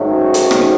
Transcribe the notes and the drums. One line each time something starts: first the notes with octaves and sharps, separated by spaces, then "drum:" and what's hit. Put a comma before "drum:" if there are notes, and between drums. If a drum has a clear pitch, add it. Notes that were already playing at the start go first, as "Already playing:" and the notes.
Already playing: G#2 D#3 F#3 A3 C#4
F#4
drum: hi-hat
drum: rim click